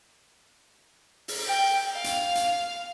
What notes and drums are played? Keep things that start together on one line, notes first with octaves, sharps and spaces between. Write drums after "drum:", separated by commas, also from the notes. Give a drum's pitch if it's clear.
drum: open hi-hat
G5
F5
drum: hi-hat
drum: hi-hat